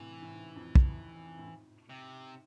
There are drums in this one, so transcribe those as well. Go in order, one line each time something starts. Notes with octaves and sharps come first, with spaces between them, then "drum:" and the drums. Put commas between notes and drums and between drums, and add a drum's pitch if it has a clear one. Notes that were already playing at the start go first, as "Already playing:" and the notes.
Already playing: A2 C3 E3
A2
G#2
F2
drum: kick
A2
G#2
C3